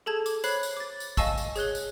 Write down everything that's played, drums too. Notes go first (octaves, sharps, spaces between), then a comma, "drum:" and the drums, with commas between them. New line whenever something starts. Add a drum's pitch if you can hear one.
G#4 A4 A5 G#6
D6, drum: tambourine
C5 C#5 B5 F#6 C7 F#7, drum: tambourine
drum: tambourine
D6 A6
drum: tambourine
D#5 F5 G#5 A5 C#6 E6, drum: kick G#1, tambourine
drum: tambourine
G#4 C#5 F#6 G7, drum: tambourine
drum: tambourine